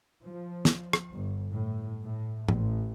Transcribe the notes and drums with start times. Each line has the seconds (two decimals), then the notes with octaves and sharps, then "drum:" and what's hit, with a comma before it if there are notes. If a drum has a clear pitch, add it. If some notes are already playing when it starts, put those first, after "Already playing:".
0.23 F3
0.65 drum: snare
0.93 drum: rim click
1.13 G1
1.51 A2
2.02 A2
2.49 A1, drum: tom G#2